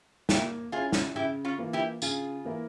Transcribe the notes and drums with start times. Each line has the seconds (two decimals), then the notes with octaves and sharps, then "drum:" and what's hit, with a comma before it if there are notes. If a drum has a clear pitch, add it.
0.29 A#3 E4 G4, drum: snare
0.72 C#4 E4 F4 G#4
0.92 drum: snare
1.15 C#3 E4 G4
1.45 C#4 F4
1.58 E3 A#3 F4
1.73 E4 G4
2.02 C#3 F4 G#4, drum: tambourine
2.45 E3 A#3 E4 A#4